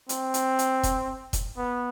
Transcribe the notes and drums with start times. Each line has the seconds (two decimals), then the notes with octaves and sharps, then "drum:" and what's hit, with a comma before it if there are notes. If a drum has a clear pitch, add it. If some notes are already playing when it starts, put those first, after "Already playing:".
0.09 C4, drum: hi-hat
0.34 drum: hi-hat
0.59 drum: hi-hat
0.83 drum: kick F1, hi-hat
1.33 drum: kick F1, hi-hat
1.57 B3